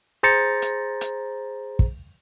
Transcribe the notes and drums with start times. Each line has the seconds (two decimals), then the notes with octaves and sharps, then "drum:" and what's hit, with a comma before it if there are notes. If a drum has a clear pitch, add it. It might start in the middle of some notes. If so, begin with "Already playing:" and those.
0.23 G#4 C5 A#5 A6 C#7
0.62 drum: hi-hat
1.01 drum: hi-hat
1.79 drum: kick